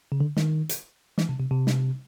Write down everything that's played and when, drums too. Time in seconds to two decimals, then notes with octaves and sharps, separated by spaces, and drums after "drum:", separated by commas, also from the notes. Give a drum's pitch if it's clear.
0.12 C#3
0.20 D3
0.37 D#3, drum: snare
0.69 drum: hi-hat
1.18 E3, drum: snare
1.29 C3
1.40 C3
1.51 C3
1.67 drum: snare